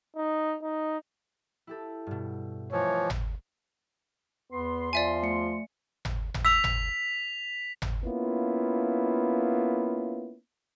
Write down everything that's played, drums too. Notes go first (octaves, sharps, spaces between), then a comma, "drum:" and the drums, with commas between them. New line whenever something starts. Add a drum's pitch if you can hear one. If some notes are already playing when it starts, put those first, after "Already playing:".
D#4
D#4
E4 G4 A4
G2 B2
E3 F3 A3 C#5 D#5
drum: tom G#1
E2 B3 C6
F3 D5 E5 G#5
A3 C#7
drum: tom G#1
drum: tom G#1
E6 B6 F7
drum: tom G#1
drum: tom G#1
A#3 B3 C#4 E4 F4